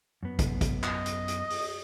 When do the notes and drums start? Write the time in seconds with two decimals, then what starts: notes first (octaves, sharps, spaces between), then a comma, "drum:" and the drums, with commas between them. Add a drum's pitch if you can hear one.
0.23 F#2 B3
0.39 drum: kick, hi-hat
0.61 drum: kick, hi-hat
0.83 D#5, drum: clap
1.06 drum: hi-hat
1.28 drum: hi-hat
1.50 drum: open hi-hat